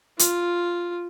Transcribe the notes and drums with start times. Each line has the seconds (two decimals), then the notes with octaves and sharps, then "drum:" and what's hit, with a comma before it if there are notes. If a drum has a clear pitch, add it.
0.19 F4, drum: hi-hat